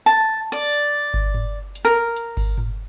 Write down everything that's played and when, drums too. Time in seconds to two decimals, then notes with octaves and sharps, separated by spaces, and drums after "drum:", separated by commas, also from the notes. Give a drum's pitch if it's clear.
0.06 A5
0.52 D5, drum: hi-hat
0.73 drum: hi-hat
1.14 drum: kick G1
1.34 drum: tom G#2
1.75 drum: hi-hat
1.85 A#4
2.16 drum: hi-hat
2.37 drum: kick G1, open hi-hat
2.58 drum: tom G#2